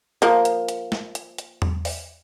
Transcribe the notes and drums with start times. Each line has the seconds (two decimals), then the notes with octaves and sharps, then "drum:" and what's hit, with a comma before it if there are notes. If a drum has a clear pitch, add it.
0.22 F3 A#3, drum: hi-hat
0.45 drum: hi-hat
0.69 drum: hi-hat
0.92 drum: snare
1.15 drum: hi-hat
1.38 drum: hi-hat
1.62 drum: tom E2
1.85 drum: open hi-hat